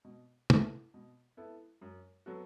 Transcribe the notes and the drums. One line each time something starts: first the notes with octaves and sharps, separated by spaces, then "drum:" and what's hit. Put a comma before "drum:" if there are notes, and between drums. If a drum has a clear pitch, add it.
B2
B3 E4 A4, drum: tom
B2
B3 E4 A4
F#2
F#3 B3 F#4 A4